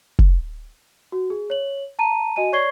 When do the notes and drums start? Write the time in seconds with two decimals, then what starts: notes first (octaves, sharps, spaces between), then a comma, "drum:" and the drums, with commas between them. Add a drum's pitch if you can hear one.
0.19 drum: kick
1.12 F#4
1.30 G#4
1.50 C#5 F#7
1.99 A5 A#5 D#7
2.36 F#4 D#5 G#5 D#7
2.52 C#5 D5 C#6 G#6 C7 G7